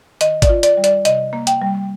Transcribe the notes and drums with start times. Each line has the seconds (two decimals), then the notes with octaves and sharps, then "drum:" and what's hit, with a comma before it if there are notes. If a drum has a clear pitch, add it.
0.21 D#3 D#5, drum: hi-hat
0.42 D5, drum: kick, hi-hat
0.49 F4
0.63 D5, drum: hi-hat
0.77 G3
0.84 D5, drum: hi-hat
1.05 C3 D#5, drum: hi-hat
1.33 A#3
1.47 G5, drum: hi-hat
1.62 G3